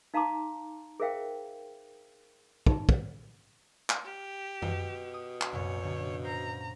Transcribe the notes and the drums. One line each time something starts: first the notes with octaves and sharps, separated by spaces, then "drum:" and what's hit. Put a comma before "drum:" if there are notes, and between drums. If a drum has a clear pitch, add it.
D#4 F5 A5 A#5 C6 D6
G#4 A#4 C5 E5 F5 G5
D#4, drum: kick
drum: kick
drum: clap
G4
B2, drum: tom F#2
D#6
drum: clap
C2 F#2 A#2 C#5
A#2 D3
C5 A#5